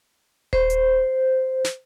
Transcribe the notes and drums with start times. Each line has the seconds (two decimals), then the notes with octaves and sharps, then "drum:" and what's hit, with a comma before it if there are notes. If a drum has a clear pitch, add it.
0.53 C5, drum: kick D#1
0.70 drum: hi-hat
1.64 drum: snare